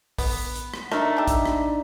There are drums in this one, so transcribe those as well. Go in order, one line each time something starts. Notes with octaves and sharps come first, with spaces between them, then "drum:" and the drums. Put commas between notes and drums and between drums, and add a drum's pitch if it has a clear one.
B3, drum: kick A#1, open hi-hat
drum: hi-hat
drum: rim click
A3 D4 D#4 A#4, drum: rim click
G4 A4 E5
drum: kick A#1, hi-hat
drum: rim click